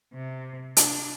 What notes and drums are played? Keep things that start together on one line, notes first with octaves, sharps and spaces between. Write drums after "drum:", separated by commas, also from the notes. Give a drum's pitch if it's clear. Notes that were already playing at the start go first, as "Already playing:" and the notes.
C3
D4, drum: hi-hat